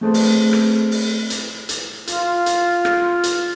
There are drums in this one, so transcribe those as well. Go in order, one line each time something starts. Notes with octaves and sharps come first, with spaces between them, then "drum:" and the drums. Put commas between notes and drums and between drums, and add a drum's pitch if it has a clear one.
A3 C4 G#4 A4 B4 C5
drum: open hi-hat
drum: rim click
drum: open hi-hat
drum: hi-hat
drum: hi-hat
F4, drum: hi-hat
drum: hi-hat
drum: rim click
drum: hi-hat